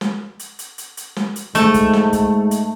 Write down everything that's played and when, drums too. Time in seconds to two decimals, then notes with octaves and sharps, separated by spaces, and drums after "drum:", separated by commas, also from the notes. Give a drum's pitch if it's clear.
0.01 drum: snare
0.39 drum: hi-hat
0.59 drum: hi-hat
0.78 drum: hi-hat
0.97 drum: hi-hat
1.16 drum: snare
1.36 drum: hi-hat
1.55 G#2 A3, drum: hi-hat
1.74 drum: kick, hi-hat
1.93 drum: snare
2.13 drum: kick, hi-hat
2.51 drum: hi-hat